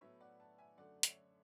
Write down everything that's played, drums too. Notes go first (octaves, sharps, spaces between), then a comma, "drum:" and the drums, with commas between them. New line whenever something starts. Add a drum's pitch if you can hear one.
A2 F#3 B3 C#5 E5
D5 F#5
F#5 A5
E5 G#5
F#2 D3 A3 D5 F#5
C#5 E5, drum: hi-hat